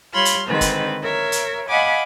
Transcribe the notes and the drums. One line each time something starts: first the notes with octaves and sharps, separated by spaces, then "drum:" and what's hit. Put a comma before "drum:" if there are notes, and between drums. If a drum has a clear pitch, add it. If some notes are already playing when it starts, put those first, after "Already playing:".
G3 F4 C#5 B5 C6 F6
drum: hi-hat
D3 D#3 G#3 C4 B4 C5
drum: kick, hi-hat
A#4 C#5 E5
drum: hi-hat
D#5 F5 F#5 G#5 B5 D6